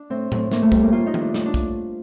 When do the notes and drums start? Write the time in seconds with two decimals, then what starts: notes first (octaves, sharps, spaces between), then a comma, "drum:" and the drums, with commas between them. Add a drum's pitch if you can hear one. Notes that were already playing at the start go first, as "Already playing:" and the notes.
Already playing: D4
0.10 A2 C4
0.32 A2, drum: tom A2
0.51 A2 A#3, drum: snare
0.62 A3
0.72 A2 G3, drum: kick, hi-hat
0.82 A#3
0.92 A2 F4
1.06 D#4
1.14 A2, drum: tom D#3
1.21 D4
1.34 A2 D#4, drum: snare
1.46 D4
1.54 A2, drum: kick, hi-hat